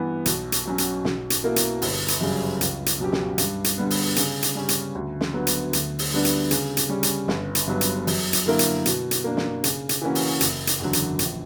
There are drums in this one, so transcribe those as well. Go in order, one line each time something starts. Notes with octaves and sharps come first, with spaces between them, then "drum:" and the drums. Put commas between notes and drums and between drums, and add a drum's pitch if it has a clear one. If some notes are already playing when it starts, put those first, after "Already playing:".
Already playing: G2 E3 B3
B1, drum: hi-hat
drum: hi-hat
B2 F#3 C#4
drum: hi-hat
B1, drum: snare
drum: hi-hat
B2 A#3 E4 A#4
drum: hi-hat
G1, drum: open hi-hat
drum: hi-hat
F#2 C#3 G3
C#2, drum: hi-hat
drum: hi-hat
B2 F#3 C#4 G4
drum: snare
G2, drum: hi-hat
drum: hi-hat
D3 G3 B3
drum: open hi-hat
C#3, drum: hi-hat
drum: hi-hat
G3 C#4
drum: hi-hat
D2
drum: snare
D3 F#3 B3
drum: hi-hat
D2, drum: hi-hat
drum: open hi-hat
D3 G3 B3 D4
drum: hi-hat
C#3, drum: hi-hat
drum: hi-hat
G3 C#4
drum: hi-hat
G1, drum: snare
drum: hi-hat
G2 F#3 B3
drum: hi-hat
F#2, drum: open hi-hat
drum: hi-hat
D3 A#3 E4 A#4
drum: hi-hat
B2, drum: hi-hat
drum: hi-hat
A#3 D4
drum: snare
C#3, drum: hi-hat
drum: hi-hat
E3 A#3 C#4 F#4
drum: open hi-hat
F#1, drum: hi-hat
drum: hi-hat
E2 D3 F#3
drum: hi-hat
A#1, drum: hi-hat